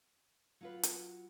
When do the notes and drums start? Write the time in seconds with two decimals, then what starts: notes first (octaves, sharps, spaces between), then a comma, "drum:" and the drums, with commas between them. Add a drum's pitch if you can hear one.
0.61 F#3 F4 B4
0.83 drum: hi-hat